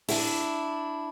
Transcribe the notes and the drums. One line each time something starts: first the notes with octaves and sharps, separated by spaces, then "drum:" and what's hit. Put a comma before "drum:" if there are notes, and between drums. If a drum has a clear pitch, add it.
D4 E4, drum: open hi-hat